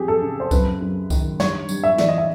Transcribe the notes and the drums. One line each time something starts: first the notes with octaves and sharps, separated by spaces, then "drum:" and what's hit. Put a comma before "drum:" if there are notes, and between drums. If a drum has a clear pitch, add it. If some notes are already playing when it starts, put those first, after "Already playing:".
Already playing: F2 G4 G#4
A4
C#3
C5
F#2 B4, drum: kick C2, tambourine
F#2
D#3, drum: kick C2, tambourine
G2 C#5, drum: snare
G2, drum: tambourine
E5
E3 D5, drum: snare
D#5
E5